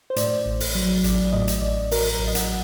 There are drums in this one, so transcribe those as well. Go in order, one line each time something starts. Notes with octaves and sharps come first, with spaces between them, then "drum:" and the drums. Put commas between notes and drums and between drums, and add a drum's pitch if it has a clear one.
C5
A2 D5, drum: hi-hat
A1
drum: open hi-hat
F#3
A1 D5, drum: hi-hat
A2 D#5
drum: hi-hat
A1 D5
F#3 A#4, drum: open hi-hat
A1
D#5
F#5, drum: hi-hat